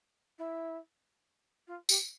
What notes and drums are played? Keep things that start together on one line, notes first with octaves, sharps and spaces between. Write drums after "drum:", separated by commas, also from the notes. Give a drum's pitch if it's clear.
E4
F4
G4, drum: tambourine